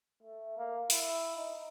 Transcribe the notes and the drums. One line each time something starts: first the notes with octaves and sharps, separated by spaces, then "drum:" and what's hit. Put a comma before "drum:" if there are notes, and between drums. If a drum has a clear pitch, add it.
A3
A#3
E4, drum: open hi-hat
D#4